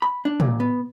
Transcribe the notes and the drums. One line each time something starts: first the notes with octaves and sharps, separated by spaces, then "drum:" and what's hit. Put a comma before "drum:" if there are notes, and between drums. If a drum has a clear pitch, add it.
B5
D4
A#2, drum: tom
B3